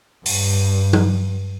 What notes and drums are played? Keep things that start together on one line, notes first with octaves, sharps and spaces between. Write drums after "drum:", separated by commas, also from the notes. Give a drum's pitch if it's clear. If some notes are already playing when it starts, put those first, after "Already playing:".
G2, drum: open hi-hat
drum: tom